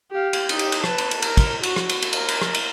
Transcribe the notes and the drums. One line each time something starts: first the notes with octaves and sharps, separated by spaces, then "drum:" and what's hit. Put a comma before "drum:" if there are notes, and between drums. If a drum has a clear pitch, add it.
G4 F5
drum: cymbal
D#4 G4, drum: cymbal
drum: cymbal
drum: cymbal
B4 A5, drum: rim click
drum: cymbal
drum: cymbal
A#4, drum: cymbal
drum: kick, cymbal
F#4, drum: cymbal
drum: rim click
drum: cymbal
drum: cymbal
A#4, drum: cymbal
drum: cymbal
drum: rim click
drum: cymbal